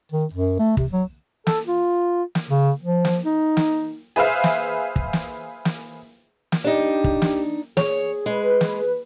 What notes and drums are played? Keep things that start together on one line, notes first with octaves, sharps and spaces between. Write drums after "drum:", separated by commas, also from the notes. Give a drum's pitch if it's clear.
D#3
F#2
A3
C3, drum: kick
F#3
A4, drum: snare
F4
drum: snare
C#3
F3
drum: snare
D#4
drum: snare
G#4 B4 C5 E5 F5
drum: snare
drum: kick
drum: snare
drum: snare
drum: snare
D4 D#4 G4
drum: kick
drum: snare
G#4 C#5, drum: snare
G#3 B4
drum: snare